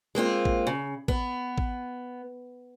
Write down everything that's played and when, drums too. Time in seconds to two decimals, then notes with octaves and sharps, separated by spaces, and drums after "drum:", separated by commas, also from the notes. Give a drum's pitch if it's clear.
0.15 G#3 A#3 C4 F4
0.45 drum: kick
0.67 C#3
1.08 B3, drum: kick
1.58 drum: kick